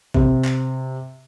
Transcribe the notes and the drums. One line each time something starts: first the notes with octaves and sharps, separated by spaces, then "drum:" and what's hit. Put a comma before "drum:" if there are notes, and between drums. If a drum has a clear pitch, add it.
C3, drum: kick A1
drum: clap